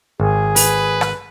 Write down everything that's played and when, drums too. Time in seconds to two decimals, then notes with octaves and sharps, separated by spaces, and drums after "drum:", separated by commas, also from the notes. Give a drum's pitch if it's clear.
0.20 G#1 G#4
0.56 B4, drum: open hi-hat
1.01 drum: rim click